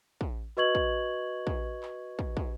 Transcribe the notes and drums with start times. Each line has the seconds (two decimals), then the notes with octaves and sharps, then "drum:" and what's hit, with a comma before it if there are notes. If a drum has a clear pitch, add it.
0.21 drum: kick
0.57 F#4 B4 D#5 C#6 G#6 F#7
0.75 drum: kick
1.47 drum: kick
1.83 drum: clap
2.19 drum: kick
2.37 drum: kick